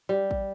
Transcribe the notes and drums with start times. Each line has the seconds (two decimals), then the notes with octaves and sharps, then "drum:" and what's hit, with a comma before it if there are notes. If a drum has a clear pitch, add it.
0.09 G3
0.31 drum: kick A1